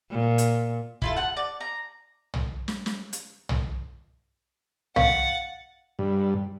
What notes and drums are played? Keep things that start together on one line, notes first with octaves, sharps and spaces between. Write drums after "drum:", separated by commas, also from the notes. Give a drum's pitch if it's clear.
A#2
drum: hi-hat
E4 F4 A4, drum: kick
F#5 A5
D5
A#5
drum: tom
drum: snare
drum: snare
drum: hi-hat
drum: tom
F5 F#5 A6, drum: tom
G2